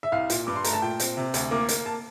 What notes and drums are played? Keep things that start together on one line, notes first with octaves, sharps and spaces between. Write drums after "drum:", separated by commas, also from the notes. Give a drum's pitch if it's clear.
E5
C2 F5
A#2, drum: hi-hat
G2 D6
C6
A3 A#5, drum: hi-hat
A5
A#2 G5
C4, drum: hi-hat
C3
D2, drum: hi-hat
A#3 D6
A#3, drum: hi-hat
A5